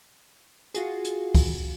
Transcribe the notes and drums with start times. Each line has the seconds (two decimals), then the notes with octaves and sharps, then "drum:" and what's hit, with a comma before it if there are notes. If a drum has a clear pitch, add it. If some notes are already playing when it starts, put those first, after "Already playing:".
0.74 F4 F#4 G#4, drum: hi-hat
1.04 drum: hi-hat
1.34 drum: kick, open hi-hat